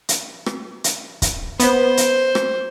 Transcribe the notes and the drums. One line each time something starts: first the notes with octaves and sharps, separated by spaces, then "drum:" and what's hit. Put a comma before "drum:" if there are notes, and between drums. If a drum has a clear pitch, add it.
drum: hi-hat
drum: rim click
drum: hi-hat
drum: kick, hi-hat
B3 C5, drum: hi-hat
drum: hi-hat
drum: rim click